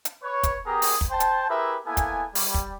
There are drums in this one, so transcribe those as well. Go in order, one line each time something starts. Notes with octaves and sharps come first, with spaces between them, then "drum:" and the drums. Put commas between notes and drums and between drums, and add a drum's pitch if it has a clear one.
drum: hi-hat
B4 C#5
drum: kick, hi-hat
B3 G4 G#4 A#4 A#5 D#6
drum: open hi-hat
drum: kick
C5 G5 A5
drum: hi-hat
E4 G4 G#4 A#4 B4 E5
A#3 B3 E4 A4 G#5
drum: kick, hi-hat
G3, drum: open hi-hat
drum: kick